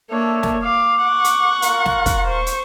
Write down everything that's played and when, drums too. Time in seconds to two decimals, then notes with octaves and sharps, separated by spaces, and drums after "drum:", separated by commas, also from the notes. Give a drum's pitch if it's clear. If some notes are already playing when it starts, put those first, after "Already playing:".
0.10 A#3 D4 A4 C#5 E5
0.43 drum: snare
0.63 F5 D6
1.04 F#5 C#6
1.24 drum: hi-hat
1.62 F4 A#4 F5, drum: hi-hat
1.85 drum: snare
2.06 drum: kick, hi-hat
2.28 C5 C#6
2.46 drum: hi-hat